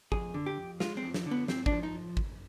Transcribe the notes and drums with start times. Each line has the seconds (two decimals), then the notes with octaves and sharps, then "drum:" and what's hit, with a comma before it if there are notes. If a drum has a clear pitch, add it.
0.12 F2 G#4, drum: kick
0.34 D3
0.46 G4
0.57 F2
0.80 G#3 F4, drum: snare
0.97 C4
1.03 F2
1.14 drum: snare
1.26 D3
1.31 B3
1.48 G#2 C4, drum: snare
1.66 D4, drum: kick
1.72 F3
1.83 D#4
2.17 drum: kick